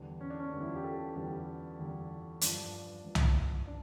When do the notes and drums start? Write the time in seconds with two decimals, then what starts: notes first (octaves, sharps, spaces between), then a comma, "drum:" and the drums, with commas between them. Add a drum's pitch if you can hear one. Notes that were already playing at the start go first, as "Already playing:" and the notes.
Already playing: E2 D3 G3
0.21 C#4
0.30 D4
0.40 C#4
0.52 E2 D3 G3 D4
0.61 E4
0.69 F4
0.76 G4
0.84 A4
1.15 E2 D3 G3 G4
1.79 E2 D3 G3
2.41 G2 F3 D4, drum: hi-hat
3.05 G2 F3
3.15 drum: tom C2
3.67 D4